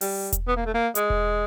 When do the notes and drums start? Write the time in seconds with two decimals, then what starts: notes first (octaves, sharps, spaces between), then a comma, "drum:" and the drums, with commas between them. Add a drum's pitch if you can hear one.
0.01 G3, drum: open hi-hat
0.32 drum: kick E1, hi-hat
0.48 B3
0.56 A#3
0.66 A3
0.74 A#3
0.95 G#3, drum: hi-hat
1.10 drum: kick E1